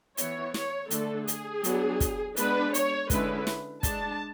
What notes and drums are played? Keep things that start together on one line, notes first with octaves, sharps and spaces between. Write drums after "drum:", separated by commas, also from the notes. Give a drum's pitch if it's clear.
E3 B3 E4 C#5, drum: hi-hat
C#5, drum: snare
D3 A3 D4 A4, drum: hi-hat
G#4, drum: hi-hat
F#3 B3 D4, drum: hi-hat
drum: kick, hi-hat
G#3 B3 D4 B4, drum: hi-hat
C#5, drum: hi-hat
D3 G#3 C#4 E4 B4, drum: kick, hi-hat
drum: snare
G#3 D4 A5, drum: kick, hi-hat